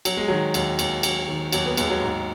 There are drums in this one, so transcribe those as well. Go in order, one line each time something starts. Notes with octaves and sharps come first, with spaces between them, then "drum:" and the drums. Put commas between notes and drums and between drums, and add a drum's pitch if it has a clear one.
F#3, drum: cymbal
G#3
D#3 F#3
D#2 F#3, drum: cymbal
D#2, drum: cymbal
F#3, drum: cymbal
D#3
D#2 F#3, drum: cymbal
B3
D#2 G#3, drum: cymbal
F#3
G#2